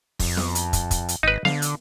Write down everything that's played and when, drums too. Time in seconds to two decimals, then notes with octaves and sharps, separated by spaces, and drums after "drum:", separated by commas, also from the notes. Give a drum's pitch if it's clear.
0.19 F2, drum: kick, open hi-hat
0.37 drum: snare B3
0.55 drum: hi-hat
0.73 drum: kick, hi-hat
0.91 drum: kick, hi-hat
1.09 drum: hi-hat
1.23 G#1 D#4 B4
1.45 D3 F5, drum: snare B3
1.62 drum: hi-hat